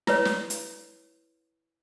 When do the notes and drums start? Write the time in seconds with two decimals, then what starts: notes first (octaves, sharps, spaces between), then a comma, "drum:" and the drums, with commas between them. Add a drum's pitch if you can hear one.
0.07 E4 B4 C#5, drum: snare
0.25 drum: snare
0.50 drum: hi-hat